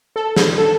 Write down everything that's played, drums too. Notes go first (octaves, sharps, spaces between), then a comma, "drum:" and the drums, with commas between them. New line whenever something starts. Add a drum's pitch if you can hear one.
A4
drum: snare
A4